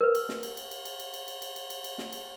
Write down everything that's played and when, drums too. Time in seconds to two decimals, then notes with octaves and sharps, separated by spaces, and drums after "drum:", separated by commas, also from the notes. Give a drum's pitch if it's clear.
0.01 A#4 B4
0.15 drum: cymbal
0.29 drum: snare
0.43 drum: cymbal
0.57 drum: cymbal
0.71 drum: cymbal
0.85 drum: cymbal
0.99 drum: cymbal
1.14 drum: cymbal
1.28 drum: cymbal
1.42 drum: cymbal
1.56 drum: cymbal
1.70 drum: cymbal
1.84 drum: cymbal
1.98 drum: snare
2.12 drum: cymbal